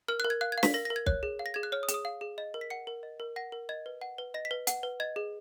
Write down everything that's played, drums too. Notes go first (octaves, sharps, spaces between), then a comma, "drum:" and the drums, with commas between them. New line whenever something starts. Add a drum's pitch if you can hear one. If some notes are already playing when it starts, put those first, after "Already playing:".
A#4 F6
F#6
A#4
G#6
F5 F#6
G#6
F5
B6, drum: snare
A#4 A#6
A#6
A#4
G#6
C#5 F#6, drum: kick
G#4
F5
A#6
G#4 G#6
F#6
C#5 F6
D#6
G#4, drum: hi-hat
D#6
F5
G#4
D#5
A#4
B6
F#5 C#7
A#4
D#5
A#4
F#5 A#6
A#4
D#5 G#6
B4
F#5
B4
D#5 A#6
B6
B4
F#5, drum: hi-hat
B4
D#5 G#6
G#4